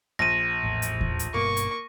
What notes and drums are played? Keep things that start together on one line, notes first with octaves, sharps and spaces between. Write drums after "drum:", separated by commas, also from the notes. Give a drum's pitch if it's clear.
A#1 A#6 D#7
A1 E2 A2
drum: hi-hat
drum: kick D#2
drum: hi-hat
G1 G2 B2 A#3 C#6
drum: hi-hat